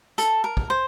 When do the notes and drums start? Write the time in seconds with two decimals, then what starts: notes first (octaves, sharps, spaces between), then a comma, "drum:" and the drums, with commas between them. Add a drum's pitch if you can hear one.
0.18 A4, drum: hi-hat
0.44 A#4
0.57 drum: kick
0.70 C5